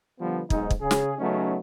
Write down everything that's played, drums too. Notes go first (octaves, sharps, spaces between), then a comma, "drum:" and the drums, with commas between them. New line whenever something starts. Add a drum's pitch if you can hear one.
D3 F3 G3 B3
B1 G#2 D#4, drum: kick
drum: kick
C#3 G#4
drum: snare
C#3 F#3 A3 B3 C#4 D#4